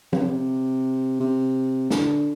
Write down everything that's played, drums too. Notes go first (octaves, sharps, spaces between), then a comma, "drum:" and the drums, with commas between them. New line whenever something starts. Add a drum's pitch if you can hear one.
C3, drum: tom F3
C3
D3, drum: snare